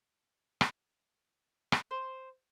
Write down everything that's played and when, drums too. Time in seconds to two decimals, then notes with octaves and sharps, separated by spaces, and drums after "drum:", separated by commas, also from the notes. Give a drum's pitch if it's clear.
0.61 drum: rim click
1.72 drum: rim click
1.91 C5